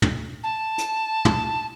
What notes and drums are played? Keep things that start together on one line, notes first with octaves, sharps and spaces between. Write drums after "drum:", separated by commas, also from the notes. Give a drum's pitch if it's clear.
drum: tom
A5
drum: hi-hat
drum: tom